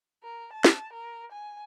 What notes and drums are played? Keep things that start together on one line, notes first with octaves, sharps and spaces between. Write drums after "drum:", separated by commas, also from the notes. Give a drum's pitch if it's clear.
A#4
A5
drum: snare
A#4
G#5